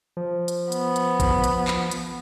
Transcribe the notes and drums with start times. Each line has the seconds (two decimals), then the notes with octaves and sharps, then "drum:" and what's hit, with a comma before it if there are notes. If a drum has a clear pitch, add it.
0.17 F3
0.48 drum: hi-hat
0.72 B3, drum: hi-hat
0.96 drum: hi-hat
1.20 drum: kick A1, hi-hat
1.44 drum: hi-hat
1.68 drum: clap
1.91 drum: hi-hat